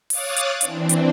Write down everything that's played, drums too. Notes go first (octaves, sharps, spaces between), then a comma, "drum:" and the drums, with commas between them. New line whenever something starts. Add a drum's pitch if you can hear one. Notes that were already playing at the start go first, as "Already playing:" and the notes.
C#5 F5 D6 D#6 F#6 A6, drum: open hi-hat
drum: hi-hat
E3 C4 D4, drum: hi-hat
drum: hi-hat